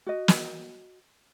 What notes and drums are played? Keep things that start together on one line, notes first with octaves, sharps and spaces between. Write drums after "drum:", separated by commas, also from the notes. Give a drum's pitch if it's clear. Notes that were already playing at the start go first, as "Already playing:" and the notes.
F#4 D#5
drum: snare